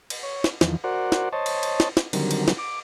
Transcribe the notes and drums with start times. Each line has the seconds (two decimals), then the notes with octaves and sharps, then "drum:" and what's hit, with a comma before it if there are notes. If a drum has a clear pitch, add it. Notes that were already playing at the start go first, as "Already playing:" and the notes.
0.10 drum: cymbal
0.23 C#5
0.44 drum: snare
0.61 E2 D#3 F3, drum: snare
0.84 F#4 A#4 C5 D5 F#5
1.12 drum: snare
1.32 C5 C#5 D#5 A5
1.46 drum: cymbal
1.63 drum: cymbal
1.80 drum: snare
1.97 drum: snare
2.13 D3 D#3 F#3 G3 C4 A#4, drum: cymbal
2.31 drum: cymbal
2.48 drum: snare
2.58 D6